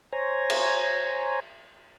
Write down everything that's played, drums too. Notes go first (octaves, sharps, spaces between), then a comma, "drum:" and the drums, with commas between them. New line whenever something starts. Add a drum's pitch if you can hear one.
C5 C#5 G#5 A#5
drum: cymbal